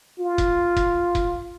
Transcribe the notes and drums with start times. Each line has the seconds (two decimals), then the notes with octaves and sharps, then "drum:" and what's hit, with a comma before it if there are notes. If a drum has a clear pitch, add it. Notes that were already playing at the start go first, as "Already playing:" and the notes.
0.19 F4
0.38 drum: kick, hi-hat
0.77 drum: kick, hi-hat
1.15 drum: kick, hi-hat